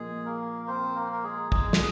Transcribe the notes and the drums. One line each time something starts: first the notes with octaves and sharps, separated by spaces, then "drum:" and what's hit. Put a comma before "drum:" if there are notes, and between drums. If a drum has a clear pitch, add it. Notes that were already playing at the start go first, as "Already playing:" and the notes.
Already playing: A#2 F3 G#3 G#4
A#3 A#4
C4 C5
A#3 A#4
A#4
G#3 G#4
G#3 G#4, drum: kick
drum: snare